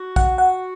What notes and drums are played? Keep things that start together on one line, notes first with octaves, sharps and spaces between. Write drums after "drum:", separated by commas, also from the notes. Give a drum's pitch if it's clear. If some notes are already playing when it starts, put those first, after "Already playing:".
Already playing: F#4
F#5, drum: kick
F#5